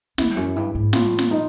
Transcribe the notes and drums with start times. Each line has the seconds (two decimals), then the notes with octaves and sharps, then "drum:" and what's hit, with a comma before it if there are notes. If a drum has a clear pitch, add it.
0.18 E2 E4, drum: snare
0.37 F#2
0.56 G2 E4
0.75 G#2
0.93 A2 F4, drum: snare
1.19 drum: snare
1.31 D#4